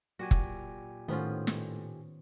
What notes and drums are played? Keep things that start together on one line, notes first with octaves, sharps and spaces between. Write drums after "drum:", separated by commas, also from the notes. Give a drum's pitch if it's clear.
A#2 F#3 F#4 G4 G#5
drum: kick
A2 D#3 B3 C#4 F4 C5
drum: snare